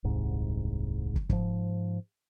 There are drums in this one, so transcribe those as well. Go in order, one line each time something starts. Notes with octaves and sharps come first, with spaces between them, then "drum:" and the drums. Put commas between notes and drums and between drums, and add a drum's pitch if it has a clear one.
D#1 C2 G#2
drum: kick
G#2 F3, drum: kick